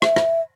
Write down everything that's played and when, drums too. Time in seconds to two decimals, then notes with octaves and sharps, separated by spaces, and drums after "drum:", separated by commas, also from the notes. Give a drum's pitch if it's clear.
0.02 E5, drum: rim click
0.16 drum: rim click